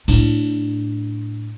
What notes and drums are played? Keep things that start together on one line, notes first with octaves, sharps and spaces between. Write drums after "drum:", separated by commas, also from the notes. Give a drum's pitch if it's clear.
A2 D4, drum: cymbal